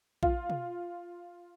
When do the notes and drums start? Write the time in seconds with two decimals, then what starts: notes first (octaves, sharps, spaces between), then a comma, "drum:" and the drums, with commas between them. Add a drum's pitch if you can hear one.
0.23 F4, drum: kick A#1
0.50 drum: tom